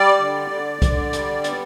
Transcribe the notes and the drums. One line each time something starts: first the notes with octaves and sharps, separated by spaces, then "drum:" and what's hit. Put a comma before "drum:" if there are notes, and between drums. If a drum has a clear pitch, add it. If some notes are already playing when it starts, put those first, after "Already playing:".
Already playing: G3 D5
D3
D3
D3, drum: kick C2, hi-hat
G3, drum: hi-hat
B3, drum: hi-hat